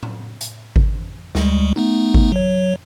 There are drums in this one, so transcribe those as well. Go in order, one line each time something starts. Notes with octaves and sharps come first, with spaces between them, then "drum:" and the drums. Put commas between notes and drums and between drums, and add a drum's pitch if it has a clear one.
drum: tom A2
drum: hi-hat
drum: kick G#1
D2 G3 G#3, drum: snare
A3 B3 D#4
drum: kick G#1
F#3 C#5